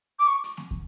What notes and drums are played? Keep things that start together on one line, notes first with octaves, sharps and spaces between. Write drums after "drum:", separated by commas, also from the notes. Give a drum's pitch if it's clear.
D6
C#6
drum: hi-hat
drum: snare A#3
drum: kick